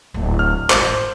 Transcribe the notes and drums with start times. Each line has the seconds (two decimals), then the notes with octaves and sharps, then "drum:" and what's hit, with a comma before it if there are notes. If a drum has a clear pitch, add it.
0.14 D1 F#3
0.39 F6
0.70 G#1 F4 C5, drum: clap
0.87 G#2